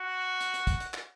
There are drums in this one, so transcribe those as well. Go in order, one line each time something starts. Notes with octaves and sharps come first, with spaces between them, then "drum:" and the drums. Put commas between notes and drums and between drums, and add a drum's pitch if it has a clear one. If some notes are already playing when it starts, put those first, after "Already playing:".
Already playing: F#4
drum: hi-hat
drum: hi-hat
drum: kick, hi-hat
drum: hi-hat
drum: clap